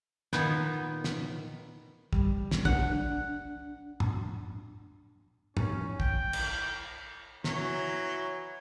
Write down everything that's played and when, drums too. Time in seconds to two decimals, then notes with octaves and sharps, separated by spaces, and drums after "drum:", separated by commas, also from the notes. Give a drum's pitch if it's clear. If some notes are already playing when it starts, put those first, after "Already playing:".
0.33 A#2 D#3 B3 D#4, drum: snare
1.04 drum: snare
2.13 G3, drum: kick
2.51 drum: snare
2.65 D4 F#5, drum: kick
4.00 drum: tom
5.57 C#4, drum: tom
6.00 G5, drum: kick
6.33 drum: cymbal
7.44 E3 F#3 A#5, drum: snare